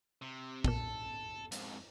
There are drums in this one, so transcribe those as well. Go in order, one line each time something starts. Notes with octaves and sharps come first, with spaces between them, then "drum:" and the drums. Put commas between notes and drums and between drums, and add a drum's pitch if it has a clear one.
C3
B1 A#2 A4, drum: kick
F2 G#2, drum: hi-hat